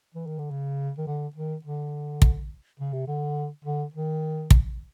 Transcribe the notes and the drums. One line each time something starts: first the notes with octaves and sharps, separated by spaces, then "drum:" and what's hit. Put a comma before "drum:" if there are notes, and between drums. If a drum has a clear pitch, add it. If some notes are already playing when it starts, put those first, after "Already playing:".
E3
D#3
D3
C#3
D#3
D3
D#3
D3
drum: kick
C#3
C3
D3
D3
D#3
drum: kick